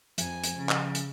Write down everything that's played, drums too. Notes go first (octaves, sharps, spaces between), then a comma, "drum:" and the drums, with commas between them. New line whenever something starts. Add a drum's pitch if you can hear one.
F2 F3 G#5, drum: hi-hat
drum: hi-hat
C#3
drum: clap
drum: hi-hat